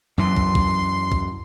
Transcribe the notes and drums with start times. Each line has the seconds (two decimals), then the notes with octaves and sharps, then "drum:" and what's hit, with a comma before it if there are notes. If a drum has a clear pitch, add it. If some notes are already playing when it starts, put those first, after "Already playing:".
0.18 F#2 E3 C6
0.36 drum: kick
0.55 drum: kick
1.12 drum: kick